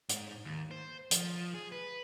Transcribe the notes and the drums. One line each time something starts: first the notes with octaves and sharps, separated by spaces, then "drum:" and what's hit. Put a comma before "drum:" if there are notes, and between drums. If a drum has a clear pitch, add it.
G#2, drum: hi-hat
D#2
C5
F3, drum: hi-hat
G#4
B4